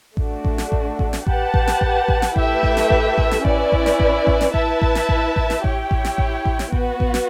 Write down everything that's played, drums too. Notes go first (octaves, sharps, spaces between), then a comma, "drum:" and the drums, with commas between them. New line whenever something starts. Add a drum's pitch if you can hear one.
A3 D4 F#4, drum: kick A1
drum: kick A1
drum: snare
drum: kick A1
drum: kick A1
drum: snare
G4 B4 F#5 A5, drum: kick A1
drum: kick A1
drum: snare
drum: kick A1
drum: kick A1
drum: snare
A3 E4 G4 B4 E5, drum: kick A1
drum: kick A1
drum: snare
drum: kick A1
drum: kick A1
drum: snare
C#4 E4 B4 D5, drum: kick A1
drum: kick A1
drum: snare
drum: kick A1
drum: kick A1
drum: snare
E4 B4 E5 A5, drum: kick A1
drum: kick A1
drum: snare
drum: kick A1
drum: kick A1
drum: snare
E4 G4 C#5 G5, drum: kick A1
drum: kick A1
drum: snare
drum: kick A1
drum: kick A1
drum: snare
B3 F#4 B4, drum: kick A1
drum: kick A1
drum: snare